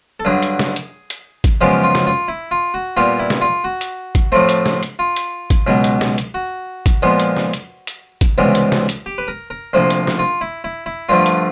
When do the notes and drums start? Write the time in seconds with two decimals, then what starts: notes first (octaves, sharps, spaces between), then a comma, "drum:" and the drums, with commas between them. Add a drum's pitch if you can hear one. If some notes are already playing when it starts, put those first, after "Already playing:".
0.20 A4
0.25 G2 D3 F#3 G#4
0.42 drum: hi-hat
0.59 drum: snare
0.76 drum: hi-hat
1.10 drum: hi-hat
1.44 drum: kick, hi-hat
1.61 F#2 C#3 F3 G#3 B3 G4
1.83 F4
1.95 drum: snare
2.07 F4
2.28 E4
2.51 F4
2.74 F#4
2.97 A#2 G3 B3 F4
3.19 E4
3.30 drum: snare
3.41 F4
3.64 F#4
3.81 drum: hi-hat
4.15 drum: kick, hi-hat
4.32 A2 F3 A3 C4
4.49 drum: hi-hat
4.66 drum: snare
4.83 drum: hi-hat
4.99 F4
5.16 drum: hi-hat
5.50 drum: kick, hi-hat
5.67 C#2 B2 F#3 B3
5.84 drum: hi-hat
6.01 drum: snare
6.18 drum: hi-hat
6.34 F#4
6.86 drum: kick, hi-hat
7.03 A#2 F3 G#3 B3
7.20 drum: hi-hat
7.37 drum: snare
7.53 drum: hi-hat
7.87 drum: hi-hat
8.21 drum: kick, hi-hat
8.38 C#2 C3 E3 G3 B3
8.55 drum: hi-hat
8.72 drum: snare
8.89 drum: hi-hat
9.06 G4
9.18 B4
9.28 A#4
9.50 A#4
9.73 D2 C3 F3 A#3 C5
9.90 drum: hi-hat
10.07 drum: snare
10.19 F4
10.41 E4
10.64 E4
10.86 E4
11.09 G2 D3 F3 A3 F4
11.26 drum: hi-hat